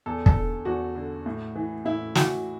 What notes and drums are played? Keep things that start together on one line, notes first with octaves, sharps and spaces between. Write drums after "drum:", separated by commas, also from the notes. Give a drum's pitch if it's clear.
E2 A4
A4, drum: kick
D3
E2 F#4
D3
A2
E3
A2 E4
E3 F#4, drum: snare